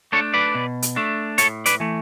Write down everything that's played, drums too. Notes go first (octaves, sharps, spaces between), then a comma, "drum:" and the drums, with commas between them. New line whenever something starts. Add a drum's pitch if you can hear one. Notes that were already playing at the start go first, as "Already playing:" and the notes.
A3 D4 A4 C#5
B4 D5
B2
drum: hi-hat
A3 D4
A2 A4 C#5, drum: hi-hat
B4 D5, drum: hi-hat
E3 A3